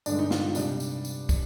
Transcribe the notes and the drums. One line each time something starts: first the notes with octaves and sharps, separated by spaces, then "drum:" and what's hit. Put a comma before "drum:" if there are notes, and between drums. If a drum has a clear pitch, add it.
G2 D3 G#3 D4, drum: tambourine
D#4
F4, drum: snare
C3 G3 D4, drum: tambourine
drum: tambourine
drum: tambourine
drum: kick, tambourine